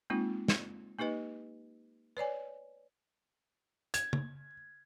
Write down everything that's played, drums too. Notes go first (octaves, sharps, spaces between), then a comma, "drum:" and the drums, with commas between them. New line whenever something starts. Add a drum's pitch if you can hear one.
G#3 A#3 C4 D#4 F4
drum: snare
A#3 D#4 G4 B4 D#5
B4 C#5 D5 G#5
G#6, drum: hi-hat
drum: tom